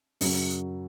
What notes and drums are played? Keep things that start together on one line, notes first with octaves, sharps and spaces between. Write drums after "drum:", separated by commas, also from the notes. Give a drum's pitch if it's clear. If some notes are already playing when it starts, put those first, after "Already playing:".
F#2 C#3 F#3, drum: open hi-hat